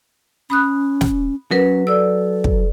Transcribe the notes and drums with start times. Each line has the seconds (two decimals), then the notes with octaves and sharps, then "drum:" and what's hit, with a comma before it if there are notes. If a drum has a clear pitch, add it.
0.50 C#4 B5 D#6 F#6
1.01 drum: snare
1.51 F#3 C#4 A#4 B4
1.87 A4 D5 E6
2.44 drum: kick